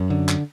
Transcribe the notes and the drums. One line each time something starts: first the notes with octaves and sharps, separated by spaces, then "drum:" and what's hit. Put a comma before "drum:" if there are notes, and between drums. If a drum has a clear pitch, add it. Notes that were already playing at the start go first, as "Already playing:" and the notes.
Already playing: F#2
D3
drum: clap